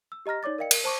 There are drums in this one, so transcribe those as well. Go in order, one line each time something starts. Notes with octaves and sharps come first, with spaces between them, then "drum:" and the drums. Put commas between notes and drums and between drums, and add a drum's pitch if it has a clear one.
E6
G4 D#5 A#5 F6 A#6
D#4 C#5 D5 D6 A6
A#4 D5 D#5 F5 G5 C#7
A#4, drum: cymbal
C5 A5 C#6 D6